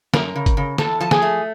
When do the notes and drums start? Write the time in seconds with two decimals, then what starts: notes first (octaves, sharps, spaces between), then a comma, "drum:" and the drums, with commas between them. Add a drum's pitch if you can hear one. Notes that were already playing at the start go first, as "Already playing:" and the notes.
0.14 F#2 A#4 A#5, drum: snare
0.36 C#3
0.46 drum: kick G1, hi-hat
0.57 C#3
0.78 E2 A4 A5, drum: snare
1.00 F3 A5
1.11 G#4 G#5, drum: snare
1.22 A3